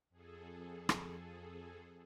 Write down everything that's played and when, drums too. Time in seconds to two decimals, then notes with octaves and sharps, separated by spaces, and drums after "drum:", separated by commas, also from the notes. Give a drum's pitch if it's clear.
0.10 F2 G#4 A4
0.89 drum: rim click